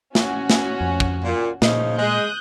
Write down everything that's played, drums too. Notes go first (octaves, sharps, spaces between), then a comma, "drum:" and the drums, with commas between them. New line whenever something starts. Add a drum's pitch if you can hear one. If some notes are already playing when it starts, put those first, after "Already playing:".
C#4 F#4 F#5, drum: snare
drum: snare
F2
drum: kick
A#2
A#2 C#3 F3 D#4, drum: snare
G#3 D#6 F#6 G6